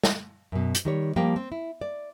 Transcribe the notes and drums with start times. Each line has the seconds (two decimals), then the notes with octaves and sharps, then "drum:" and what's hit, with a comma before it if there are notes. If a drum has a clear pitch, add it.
0.03 drum: snare
0.52 F#2 B2
0.75 drum: hi-hat
0.85 D#3 G3 C#5
1.16 F3 G3 A#3 G5
1.36 C4
1.52 E4
1.81 D5